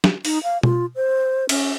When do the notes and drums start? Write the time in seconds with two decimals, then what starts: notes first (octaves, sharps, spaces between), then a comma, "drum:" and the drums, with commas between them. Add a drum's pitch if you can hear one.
0.04 drum: snare
0.25 D#4, drum: open hi-hat
0.44 F5
0.63 F4, drum: tom B2
0.96 C5
1.49 C#4, drum: cymbal